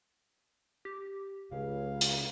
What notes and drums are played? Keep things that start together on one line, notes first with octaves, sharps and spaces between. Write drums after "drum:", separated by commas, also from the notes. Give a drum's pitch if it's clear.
G4
C#2 C#3 C#4 F5
drum: hi-hat